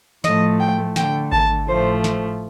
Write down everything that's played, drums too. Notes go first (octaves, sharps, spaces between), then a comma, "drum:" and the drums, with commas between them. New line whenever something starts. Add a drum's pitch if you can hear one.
A2 F3 A3 D#5, drum: snare
G5
D3 A3 G5, drum: snare
A5, drum: kick G#1
A2 F3 A3 C5
drum: snare